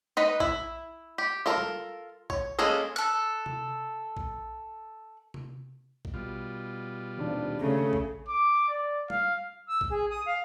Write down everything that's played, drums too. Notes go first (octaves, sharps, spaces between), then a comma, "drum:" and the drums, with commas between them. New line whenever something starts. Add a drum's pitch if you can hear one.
D#4 B4 D#5
E4, drum: kick
G4
F4 A4 A#4
drum: tom G3
C#5, drum: kick
G#3 A#3 C#4 G#4 A4
A4 F#6
drum: tom C3
drum: kick
drum: tom C3
drum: kick
B2 G3 F4
D#1 G#1 D4
C#3 A3
drum: kick
D6
D5
F5, drum: tom G3
E6
drum: kick
G#4
D#6
F5